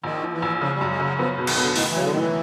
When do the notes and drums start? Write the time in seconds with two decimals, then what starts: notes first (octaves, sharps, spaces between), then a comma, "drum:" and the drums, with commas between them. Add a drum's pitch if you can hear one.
0.04 A#1 D#3
0.23 F3
0.33 E3
0.42 A#1
0.61 C#3 F3
0.75 G3
0.81 F#2
0.90 G#3
1.00 C#3 F#3
1.19 F3 B3
1.38 B2
1.47 D#3, drum: cymbal
1.57 B3
1.62 D3
1.76 A2 D#3, drum: open hi-hat
1.91 E3
1.96 C#3 F#3
2.04 D3
2.12 D#3
2.15 A2 E3